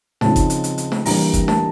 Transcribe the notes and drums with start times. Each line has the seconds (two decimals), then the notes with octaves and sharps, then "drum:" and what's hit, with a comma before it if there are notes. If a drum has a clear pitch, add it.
0.21 C#3 F3 G#3 C4 D#4 A5, drum: snare
0.36 drum: kick F#1, hi-hat
0.50 drum: hi-hat
0.64 drum: hi-hat
0.78 drum: hi-hat
0.92 drum: snare
1.06 E3 G3 A#3 D4 A#5, drum: open hi-hat
1.34 drum: kick F#1, hi-hat
1.48 A5, drum: snare